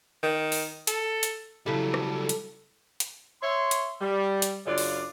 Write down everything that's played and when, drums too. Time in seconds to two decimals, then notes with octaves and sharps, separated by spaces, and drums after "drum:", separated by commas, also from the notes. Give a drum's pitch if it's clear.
0.23 D#3
0.52 drum: open hi-hat
0.87 A4, drum: hi-hat
1.23 drum: hi-hat
1.66 C#3 F#3 G3 E4 A4
1.94 drum: rim click
2.29 drum: hi-hat
3.00 drum: hi-hat
3.42 C#5 E5 C6
3.71 drum: hi-hat
4.01 G3
4.42 drum: hi-hat
4.67 F#2 C#3 D4 F4 D5
4.78 drum: open hi-hat